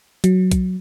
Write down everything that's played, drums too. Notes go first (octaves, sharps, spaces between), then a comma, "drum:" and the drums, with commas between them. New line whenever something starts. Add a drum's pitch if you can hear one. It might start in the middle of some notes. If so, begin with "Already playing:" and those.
F#3, drum: hi-hat
drum: kick B1, hi-hat